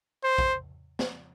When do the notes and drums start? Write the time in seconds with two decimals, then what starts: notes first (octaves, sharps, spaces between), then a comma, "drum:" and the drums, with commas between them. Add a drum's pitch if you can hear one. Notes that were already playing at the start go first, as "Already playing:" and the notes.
0.24 C5
0.38 drum: kick A#1
0.99 drum: snare